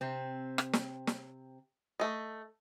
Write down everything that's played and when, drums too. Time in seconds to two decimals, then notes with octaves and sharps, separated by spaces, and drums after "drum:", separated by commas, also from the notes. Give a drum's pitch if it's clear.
0.01 C3 C4
0.58 drum: rim click
0.73 drum: snare
1.07 drum: snare
2.00 A3 D#5